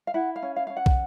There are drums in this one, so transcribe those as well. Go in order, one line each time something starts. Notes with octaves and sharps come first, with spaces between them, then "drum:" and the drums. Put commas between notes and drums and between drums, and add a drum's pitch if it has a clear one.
F5
E4 F#5
F5
C#4
F5
C#4 F5
F#5
drum: kick